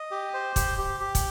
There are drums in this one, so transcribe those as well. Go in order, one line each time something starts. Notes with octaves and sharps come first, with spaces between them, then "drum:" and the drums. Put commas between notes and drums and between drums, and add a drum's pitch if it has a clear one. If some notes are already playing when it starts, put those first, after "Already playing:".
Already playing: D#5
G4
C5
G4, drum: kick, hi-hat
G4
G4
drum: kick, hi-hat